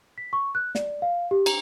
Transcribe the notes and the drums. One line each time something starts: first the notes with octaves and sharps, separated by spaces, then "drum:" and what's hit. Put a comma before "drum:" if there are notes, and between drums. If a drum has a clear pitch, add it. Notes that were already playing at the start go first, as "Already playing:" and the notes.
B6
C#6
F#6
D5, drum: snare
F5
G4
A#5, drum: cymbal